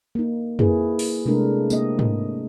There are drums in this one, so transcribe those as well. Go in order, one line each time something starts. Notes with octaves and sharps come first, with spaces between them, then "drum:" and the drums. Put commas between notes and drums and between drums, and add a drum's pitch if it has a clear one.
A#3 D#4
A#3 E4 G#4 B4, drum: tom
drum: open hi-hat
C3 G#3 A3 D4 A#4
A#3 C4 D#5, drum: tambourine
drum: tom G#2